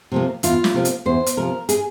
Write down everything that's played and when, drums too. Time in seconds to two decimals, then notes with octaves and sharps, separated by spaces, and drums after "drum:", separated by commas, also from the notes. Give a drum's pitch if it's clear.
0.12 C3 F3 A#3
0.43 E2 F4, drum: hi-hat
0.64 drum: snare
0.74 C3 F3 A#3
0.85 drum: hi-hat
1.06 E2 C5
1.26 drum: hi-hat
1.37 C3 F3 A#3 A#4
1.69 G#4, drum: hi-hat